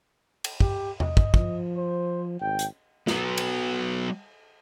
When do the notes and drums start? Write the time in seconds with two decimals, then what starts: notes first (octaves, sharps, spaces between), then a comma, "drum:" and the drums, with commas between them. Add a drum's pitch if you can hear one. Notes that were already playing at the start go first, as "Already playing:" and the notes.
0.44 drum: cymbal
0.60 G4, drum: kick
1.00 D#5, drum: tom E2
1.17 drum: kick
1.34 F3, drum: kick
1.76 C5
2.41 G#1 G5
2.59 drum: hi-hat
3.07 F#3 B3, drum: snare
3.38 drum: cymbal